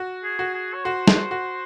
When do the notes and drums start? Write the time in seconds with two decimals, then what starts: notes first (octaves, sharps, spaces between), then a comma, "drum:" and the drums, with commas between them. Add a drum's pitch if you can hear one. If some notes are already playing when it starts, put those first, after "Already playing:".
Already playing: F#4
0.24 G#4
0.39 F#4
0.54 G#4
0.74 C#5
0.84 F#4 C5
1.07 drum: snare
1.31 F#4